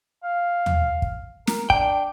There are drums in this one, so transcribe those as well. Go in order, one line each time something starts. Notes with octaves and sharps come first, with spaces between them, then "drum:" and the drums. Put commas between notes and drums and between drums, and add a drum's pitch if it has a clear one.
F5
drum: tom D#2
drum: kick
A#4, drum: snare
D4 G5, drum: kick